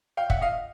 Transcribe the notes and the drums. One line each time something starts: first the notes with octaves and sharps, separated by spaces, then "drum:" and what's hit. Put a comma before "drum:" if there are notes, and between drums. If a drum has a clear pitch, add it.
F5 G5
E5 F#5, drum: kick
D#5 F5